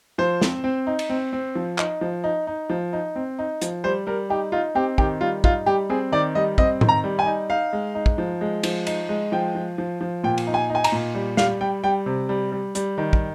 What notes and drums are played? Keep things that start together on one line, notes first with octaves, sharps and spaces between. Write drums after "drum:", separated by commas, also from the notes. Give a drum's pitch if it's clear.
F3 C5
C4, drum: snare
C4
D#4
drum: cymbal
C4
C4
F3
D#4, drum: clap
F3
D#4
D#4
F3
D#4
C4
D#4
F3, drum: hi-hat
G3 C5
G3 A#4
D#4 G4
D#4 F4
C4 G4
D#3 G4, drum: kick
G3 F4
D#4 F4, drum: kick
G3 G4
C4 G#4
D#3 D5
G3 D#5
C4 D#5, drum: kick
D#3, drum: tom A2
A#5
G3
G#5
D#4
D#4 F5
G#3
D#4
drum: kick
F3
G#3
F3, drum: cymbal
D#4, drum: cymbal
G#3
F3 G5
F3
F3
F3
A#2 G5
drum: cymbal
D#4
G#5
D#4
G#5
A#5, drum: cymbal
A#2
G3
G3 F5, drum: snare
G3 G5
G3 G5
C3
G3
G3
G3, drum: hi-hat
D#3
drum: kick